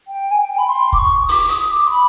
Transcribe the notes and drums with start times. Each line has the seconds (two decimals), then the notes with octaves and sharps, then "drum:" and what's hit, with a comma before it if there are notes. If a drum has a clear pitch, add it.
0.07 G5
0.31 G#5
0.37 G5
0.58 B5
0.68 C6
0.93 D6, drum: kick
0.98 C#6
1.25 D#6
1.29 D6, drum: open hi-hat
1.49 D#6, drum: hi-hat
1.70 D6
1.86 C6
1.90 B5